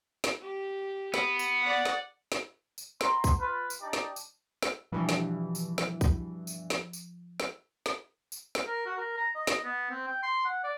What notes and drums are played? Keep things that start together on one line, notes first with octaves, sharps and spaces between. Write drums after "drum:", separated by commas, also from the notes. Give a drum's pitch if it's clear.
drum: snare
G4
B3, drum: snare
drum: tambourine
D5 F#5
drum: snare
drum: snare
drum: tambourine
B3 A#5 C6, drum: snare
drum: kick, tambourine
F4 B4
drum: tambourine
D4 D#4 G4 D5
drum: snare
drum: tambourine
drum: snare
G2 B2 E3 F3
drum: snare
drum: tambourine
drum: snare
drum: kick, tambourine
drum: tambourine
drum: snare
drum: tambourine
drum: snare
drum: snare
drum: tambourine
drum: snare
A#4
F#4
A#4
A#5
D#5
drum: snare
B3
C4
G5
C6
F#5
D5